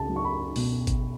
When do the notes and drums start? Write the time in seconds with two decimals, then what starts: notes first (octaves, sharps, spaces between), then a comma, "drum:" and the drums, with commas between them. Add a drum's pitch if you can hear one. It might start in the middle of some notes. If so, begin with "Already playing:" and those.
Already playing: C#2 A5
0.09 F#3
0.16 C#6
0.25 B5
0.56 B2, drum: open hi-hat
0.87 drum: kick, hi-hat